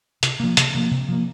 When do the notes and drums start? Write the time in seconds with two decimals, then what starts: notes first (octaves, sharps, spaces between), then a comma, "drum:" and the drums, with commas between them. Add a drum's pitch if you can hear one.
0.23 C3, drum: hi-hat
0.40 F3 A#3
0.57 C3, drum: hi-hat
0.74 F3 A#3
0.91 C3
1.09 F3 A#3